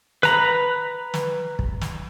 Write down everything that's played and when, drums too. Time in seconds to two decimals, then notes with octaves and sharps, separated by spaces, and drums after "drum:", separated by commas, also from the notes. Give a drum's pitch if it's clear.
0.23 B4 A#5 B5, drum: snare
1.14 drum: snare
1.59 drum: kick
1.81 drum: snare